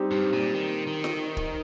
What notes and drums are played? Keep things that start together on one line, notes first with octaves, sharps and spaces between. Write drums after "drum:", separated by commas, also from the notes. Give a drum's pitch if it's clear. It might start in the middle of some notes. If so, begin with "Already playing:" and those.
Already playing: G3 C4 D#4 G4
G2
A#2
D#3
D#3
drum: snare
drum: kick